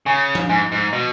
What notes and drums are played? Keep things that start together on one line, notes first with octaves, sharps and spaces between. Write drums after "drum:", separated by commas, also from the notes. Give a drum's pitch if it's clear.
C#3 G#5
drum: tom F3
G#2 G#5
G#2
B2 D#5